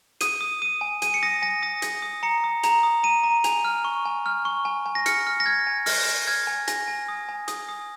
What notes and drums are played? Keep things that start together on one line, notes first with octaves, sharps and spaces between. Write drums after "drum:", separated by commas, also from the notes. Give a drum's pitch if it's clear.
D#6 D#7, drum: hi-hat
D#6
D#6 D#7
G#5
G#5 D#7, drum: hi-hat
C#7
D#6 A#6
G#5 A#6
D#6 A#6
D#6 A#6, drum: hi-hat
D#6
A#5 C#7
D#6
A#5 F7, drum: hi-hat
D#6
A#5 D#7
A#5
G#5 F7, drum: hi-hat
F6
C#6
G#5
F6
C#6
G#5
G#5
A#6
F6 C#7, drum: hi-hat
F6
A#6
F6 G#6
G#5
F6 A#6, drum: open hi-hat
F6
F6 G#6
G#5
G#5 A#6, drum: hi-hat
G#5
D#6
G#5
D#6, drum: hi-hat
D#6